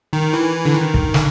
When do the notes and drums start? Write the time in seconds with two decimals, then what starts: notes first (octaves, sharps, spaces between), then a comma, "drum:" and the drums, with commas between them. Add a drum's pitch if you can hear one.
0.13 D#3
0.33 E3
0.65 D3
0.74 D#3
0.94 drum: kick
1.14 D3, drum: snare